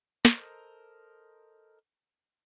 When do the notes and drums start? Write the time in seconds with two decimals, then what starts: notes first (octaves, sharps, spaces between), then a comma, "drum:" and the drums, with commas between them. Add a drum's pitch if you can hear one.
0.25 A4 A#4 C5 D#5 A#5, drum: snare